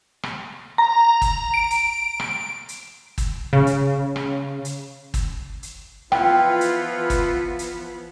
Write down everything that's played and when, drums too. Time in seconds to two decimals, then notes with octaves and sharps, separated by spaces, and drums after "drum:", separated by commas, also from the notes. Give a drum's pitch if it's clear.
0.23 drum: rim click
0.78 A#5
1.21 drum: kick, hi-hat
1.54 D7
1.71 drum: hi-hat
2.20 drum: rim click
2.69 drum: hi-hat
3.18 drum: kick, hi-hat
3.53 C#3
3.67 drum: hi-hat
4.16 drum: rim click
4.65 drum: hi-hat
5.14 drum: kick, hi-hat
5.63 drum: hi-hat
6.12 E3 F3 B3 E4 F4 B4 G5, drum: rim click
6.61 drum: hi-hat
7.10 drum: kick, hi-hat
7.59 drum: hi-hat